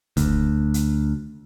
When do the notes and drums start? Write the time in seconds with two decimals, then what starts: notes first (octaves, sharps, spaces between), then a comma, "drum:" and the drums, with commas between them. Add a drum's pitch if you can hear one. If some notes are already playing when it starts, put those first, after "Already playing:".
0.17 D2, drum: kick, hi-hat
0.74 drum: hi-hat